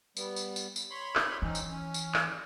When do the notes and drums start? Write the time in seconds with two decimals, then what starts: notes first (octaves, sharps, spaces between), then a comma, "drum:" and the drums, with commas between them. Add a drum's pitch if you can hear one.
0.17 G3 B3, drum: tambourine
0.36 drum: tambourine
0.56 drum: tambourine
0.76 drum: tambourine
0.90 C#5 B5 C6
1.15 drum: clap
1.42 E3 C4 C#4 D#4
1.55 drum: tambourine
1.71 C#4
1.94 drum: tambourine
2.14 drum: clap